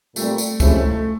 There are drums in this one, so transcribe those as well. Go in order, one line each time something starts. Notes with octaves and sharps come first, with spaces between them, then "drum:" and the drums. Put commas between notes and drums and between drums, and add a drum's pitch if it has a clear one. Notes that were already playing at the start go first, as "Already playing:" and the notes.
A#2 G3 A3 C4, drum: tambourine
drum: tambourine
C3 F3 G#3 A3 C#4 E4, drum: kick, tambourine
A3
A3